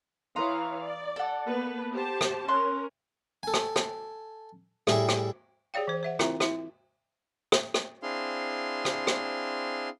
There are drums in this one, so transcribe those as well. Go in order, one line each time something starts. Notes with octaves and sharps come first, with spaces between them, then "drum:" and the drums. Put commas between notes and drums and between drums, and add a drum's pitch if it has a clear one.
E3 C#5 F5 A#5 C6 D#6
D5
A4 F#5
A#3 B3 B4
G4 C5 A5
drum: rim click
C#4 A#4 C6 F#6
A4 G#5
drum: rim click
drum: rim click
A2 G3 E4 G#4, drum: rim click
drum: rim click
G4 G#4 C#5 D5 F5 G5
E3 C5
C5 E5 F#5
C4 E4 F4 A#4 E5 A#5, drum: rim click
E4 E5, drum: rim click
drum: rim click
drum: rim click
C4 D4 E4 G#4 F5 C6
drum: rim click
drum: rim click